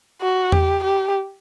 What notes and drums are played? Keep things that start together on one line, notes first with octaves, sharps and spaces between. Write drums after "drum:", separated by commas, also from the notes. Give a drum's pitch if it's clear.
F#4
G4, drum: tom E2
G4